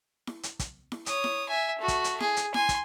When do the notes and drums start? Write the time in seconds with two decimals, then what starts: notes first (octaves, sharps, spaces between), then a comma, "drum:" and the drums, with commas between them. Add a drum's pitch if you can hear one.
0.27 drum: snare E4
0.43 drum: hi-hat
0.59 drum: kick, hi-hat
0.92 drum: snare E4
1.06 C#5 D#6, drum: hi-hat
1.24 drum: snare E4
1.49 E5 G#5
1.79 A3 F#4
1.88 drum: kick, hi-hat
2.04 drum: hi-hat
2.20 G#4, drum: snare E4
2.36 drum: hi-hat
2.54 G#5 C6, drum: snare E4
2.69 drum: kick, hi-hat